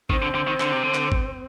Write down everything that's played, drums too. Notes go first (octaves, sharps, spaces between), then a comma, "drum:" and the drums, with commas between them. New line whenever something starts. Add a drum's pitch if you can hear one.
D#3 C4, drum: kick
D3
D3
D#3
D3, drum: clap
C3
D3
drum: clap
drum: kick